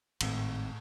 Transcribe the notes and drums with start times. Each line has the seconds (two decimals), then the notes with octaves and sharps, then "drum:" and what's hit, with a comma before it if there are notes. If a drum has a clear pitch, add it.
0.21 G#1 A2 C4, drum: cymbal